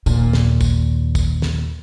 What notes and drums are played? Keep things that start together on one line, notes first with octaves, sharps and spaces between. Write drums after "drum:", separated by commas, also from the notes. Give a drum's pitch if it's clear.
D#2 A#2, drum: tambourine
drum: snare
drum: kick, tambourine
drum: kick, tambourine
drum: snare